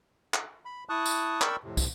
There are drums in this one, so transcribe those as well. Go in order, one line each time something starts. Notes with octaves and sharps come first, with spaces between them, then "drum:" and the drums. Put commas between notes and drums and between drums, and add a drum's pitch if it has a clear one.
drum: clap
B5
E4 A5 C#6 D#6 F#6
drum: tambourine
A#4 D5 G5 B5 C#6 E6, drum: clap
F2 A2 C3
drum: kick, tambourine